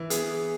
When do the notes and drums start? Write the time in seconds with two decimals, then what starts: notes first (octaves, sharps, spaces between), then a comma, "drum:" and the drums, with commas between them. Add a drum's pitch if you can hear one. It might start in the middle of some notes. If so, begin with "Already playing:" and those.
Already playing: E3
0.10 B3 G#4, drum: hi-hat